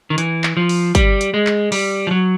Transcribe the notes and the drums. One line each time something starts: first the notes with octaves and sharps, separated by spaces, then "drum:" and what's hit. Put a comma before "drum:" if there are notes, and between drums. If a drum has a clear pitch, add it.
D#3
E3, drum: hi-hat
drum: clap
F3
drum: open hi-hat
G3, drum: kick, hi-hat
drum: hi-hat
G#3
drum: clap
G3, drum: open hi-hat
F3
F#3